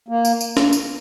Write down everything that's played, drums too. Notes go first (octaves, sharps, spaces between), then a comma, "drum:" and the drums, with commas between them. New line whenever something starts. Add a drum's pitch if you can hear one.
A#3
drum: tambourine
drum: tambourine
drum: snare
drum: tambourine